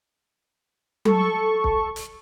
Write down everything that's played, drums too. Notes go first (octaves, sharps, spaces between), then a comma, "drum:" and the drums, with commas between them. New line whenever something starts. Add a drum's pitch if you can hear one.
A4 C#6, drum: tom F#3
drum: kick
drum: hi-hat